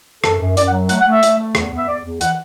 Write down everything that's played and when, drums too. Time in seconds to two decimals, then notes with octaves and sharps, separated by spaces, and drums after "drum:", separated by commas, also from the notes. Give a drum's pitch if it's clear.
0.24 F#2 A4, drum: rim click
0.41 F#2
0.57 F#2 D5, drum: hi-hat
0.68 F#5
0.74 F#3
0.89 A3 F#5, drum: hi-hat
1.01 F#5
1.07 A3 E5
1.23 A3, drum: hi-hat
1.39 A3
1.55 E2, drum: rim click
1.72 B3
1.78 E5
1.88 E2 D5
2.04 E2
2.21 E3 F#5, drum: hi-hat